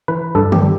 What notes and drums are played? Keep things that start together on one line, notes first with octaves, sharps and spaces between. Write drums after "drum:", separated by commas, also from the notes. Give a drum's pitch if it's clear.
E3 B4
G2 A4
G4, drum: tom D3
G3